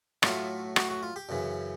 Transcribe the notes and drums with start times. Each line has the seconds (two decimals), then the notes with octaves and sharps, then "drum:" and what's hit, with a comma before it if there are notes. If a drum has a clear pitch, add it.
0.23 A2 F#3 A3 F4, drum: rim click
0.76 F#4, drum: rim click
0.90 F#4
1.03 F4
1.16 G4
1.29 F#2 C#3 E3